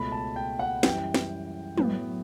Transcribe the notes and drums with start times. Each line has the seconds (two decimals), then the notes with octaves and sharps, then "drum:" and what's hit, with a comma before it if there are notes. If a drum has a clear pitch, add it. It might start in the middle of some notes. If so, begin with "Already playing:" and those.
Already playing: C#2 B2 A3 B5
0.12 A5
0.36 G5
0.59 F#5
0.83 F#2 E3 G3 G5, drum: snare
1.14 drum: snare
1.77 A2 F#3 B3, drum: tom